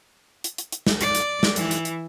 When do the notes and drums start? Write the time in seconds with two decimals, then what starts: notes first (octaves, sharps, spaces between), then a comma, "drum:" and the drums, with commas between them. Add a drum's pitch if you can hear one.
0.44 drum: hi-hat
0.58 drum: hi-hat
0.72 drum: hi-hat
0.87 drum: snare
1.01 D5, drum: hi-hat
1.15 drum: hi-hat
1.43 drum: snare
1.56 E3, drum: hi-hat
1.71 drum: hi-hat
1.85 drum: hi-hat